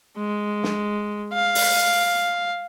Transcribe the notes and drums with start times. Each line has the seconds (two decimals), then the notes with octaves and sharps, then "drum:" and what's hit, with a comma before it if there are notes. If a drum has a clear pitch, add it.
0.17 G#3
0.64 drum: snare
1.33 F5
1.55 drum: open hi-hat